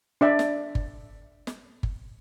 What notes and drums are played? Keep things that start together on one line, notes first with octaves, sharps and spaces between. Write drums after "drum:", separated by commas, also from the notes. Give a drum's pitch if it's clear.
D4 D5 E5
drum: snare
drum: kick G1
drum: snare
drum: kick G1